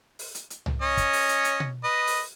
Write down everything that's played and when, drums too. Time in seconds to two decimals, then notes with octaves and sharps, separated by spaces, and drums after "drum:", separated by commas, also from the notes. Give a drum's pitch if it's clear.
0.19 drum: open hi-hat
0.35 drum: hi-hat
0.50 drum: hi-hat
0.66 drum: tom C2
0.82 C#4 C#5 D#5
0.97 drum: kick, hi-hat
1.13 drum: open hi-hat
1.29 drum: hi-hat
1.44 drum: hi-hat
1.60 drum: tom B2
1.84 B4 D#5
2.07 drum: open hi-hat